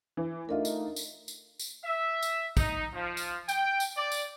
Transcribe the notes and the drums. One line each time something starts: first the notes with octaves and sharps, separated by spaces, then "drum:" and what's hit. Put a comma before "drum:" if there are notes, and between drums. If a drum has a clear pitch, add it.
E3
A3 D4 D#4 F4 A#4 D#5 E5
drum: tambourine
drum: tambourine
drum: tambourine
drum: tambourine
E5
drum: tambourine
D#4, drum: kick, tambourine
F3
drum: tambourine
G5, drum: tambourine
drum: tambourine
D5
drum: tambourine